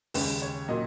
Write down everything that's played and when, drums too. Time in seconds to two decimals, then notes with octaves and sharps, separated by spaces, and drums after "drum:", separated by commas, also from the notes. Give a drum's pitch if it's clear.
0.14 D#2 C#3 G#3 C#4 B4, drum: open hi-hat
0.42 C#5
0.68 A#2 F#3 A#3 D#5